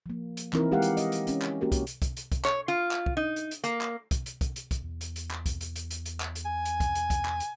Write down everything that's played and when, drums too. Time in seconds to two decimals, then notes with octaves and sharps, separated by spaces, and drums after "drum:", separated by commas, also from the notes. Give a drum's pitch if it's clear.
0.06 F3 A#3
0.37 drum: hi-hat
0.53 E3 C4 D#4 E4 A#4, drum: clap
0.72 G#3 G4 A#4 F5 F#5
0.82 drum: hi-hat
0.97 D#5, drum: hi-hat
1.12 drum: hi-hat
1.27 G#3 C#4, drum: hi-hat
1.42 drum: clap
1.61 A#3 C#4 F#4 G4 A#4
1.72 drum: kick, hi-hat
1.87 drum: hi-hat
2.02 drum: kick, hi-hat
2.17 drum: hi-hat
2.32 drum: kick, hi-hat
2.45 C#5, drum: clap
2.68 F4
2.91 drum: clap
3.06 drum: kick
3.17 D#4
3.36 drum: hi-hat
3.51 drum: hi-hat
3.64 A#3, drum: hi-hat
3.81 drum: clap
4.11 drum: kick, hi-hat
4.26 drum: hi-hat
4.41 drum: kick, hi-hat
4.56 drum: hi-hat
4.71 drum: kick, hi-hat
4.83 E2
5.01 drum: hi-hat
5.16 drum: hi-hat
5.31 drum: clap
5.46 drum: kick, hi-hat
5.61 drum: hi-hat
5.76 drum: hi-hat
5.91 drum: hi-hat
6.06 drum: hi-hat
6.20 drum: clap
6.35 drum: hi-hat
6.46 G#5
6.65 drum: hi-hat
6.80 drum: kick, hi-hat
6.95 drum: hi-hat
7.10 drum: kick, hi-hat
7.25 drum: clap
7.40 drum: hi-hat